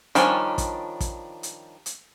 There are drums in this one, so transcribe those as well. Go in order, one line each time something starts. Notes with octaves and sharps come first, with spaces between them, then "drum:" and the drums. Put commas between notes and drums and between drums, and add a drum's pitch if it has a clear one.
D#3 F3 G3 C#4 D4, drum: hi-hat
drum: kick, hi-hat
drum: kick, hi-hat
drum: hi-hat
drum: hi-hat